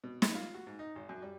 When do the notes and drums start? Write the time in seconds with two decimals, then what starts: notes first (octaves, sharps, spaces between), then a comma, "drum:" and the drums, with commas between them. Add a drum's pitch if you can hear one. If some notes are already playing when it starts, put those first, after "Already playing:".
0.04 B2
0.22 B5, drum: snare
0.35 F4
0.54 F#4
0.67 G#2
0.79 D#4
0.95 G#1
1.09 F#2
1.22 G3